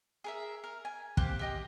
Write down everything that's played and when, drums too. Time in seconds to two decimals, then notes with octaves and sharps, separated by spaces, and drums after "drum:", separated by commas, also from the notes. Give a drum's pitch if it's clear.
0.24 G#4 A#4 E5
0.64 A#4
0.85 G#5
1.17 A#3 C4 G4 F#6, drum: kick
1.39 G4 D#5 G5